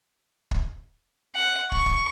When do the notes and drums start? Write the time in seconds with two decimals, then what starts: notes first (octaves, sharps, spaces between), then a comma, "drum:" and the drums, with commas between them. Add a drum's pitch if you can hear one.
0.51 drum: kick
1.35 F#5
1.72 C#6, drum: kick
1.86 drum: kick